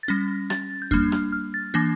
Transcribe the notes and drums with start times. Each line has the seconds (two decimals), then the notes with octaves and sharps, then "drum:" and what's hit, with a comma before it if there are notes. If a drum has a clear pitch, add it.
0.03 A6
0.08 G3 C#4 A#6
0.50 A6, drum: rim click
0.82 G6
0.91 G3 A#3 D4 F6, drum: kick E2
1.12 F6, drum: rim click
1.32 F6
1.54 A6
1.74 E3 A#3 D4 A#6